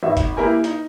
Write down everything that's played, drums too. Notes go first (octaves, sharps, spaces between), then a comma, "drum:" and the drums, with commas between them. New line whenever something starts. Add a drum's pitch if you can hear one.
G#1 F#4 E5
drum: kick F1, hi-hat
A#3 E4 G4 A#4 G#5
D#4, drum: hi-hat